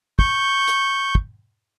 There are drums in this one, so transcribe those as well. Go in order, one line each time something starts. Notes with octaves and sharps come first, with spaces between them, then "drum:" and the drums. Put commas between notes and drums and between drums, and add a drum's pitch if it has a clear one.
C#6 G6, drum: kick
drum: hi-hat
drum: kick